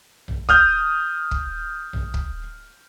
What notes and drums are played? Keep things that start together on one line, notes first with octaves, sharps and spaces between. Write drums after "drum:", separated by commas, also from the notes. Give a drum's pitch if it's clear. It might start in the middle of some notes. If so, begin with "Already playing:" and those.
drum: tom A#1
D#6 F6 G6, drum: kick
drum: kick
drum: tom A#1
drum: kick